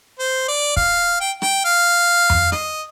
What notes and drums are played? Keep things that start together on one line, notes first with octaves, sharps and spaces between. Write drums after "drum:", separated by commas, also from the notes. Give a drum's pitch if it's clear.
C5
D5
F5, drum: kick
G5
G5, drum: rim click
F5
drum: tom F2
D#5, drum: rim click